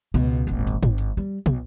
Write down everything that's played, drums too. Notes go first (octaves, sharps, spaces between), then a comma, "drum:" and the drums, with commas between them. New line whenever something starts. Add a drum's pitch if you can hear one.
C#2 B2
D#1 G#1
drum: hi-hat
G#1, drum: tom
drum: hi-hat
G3
B1, drum: tom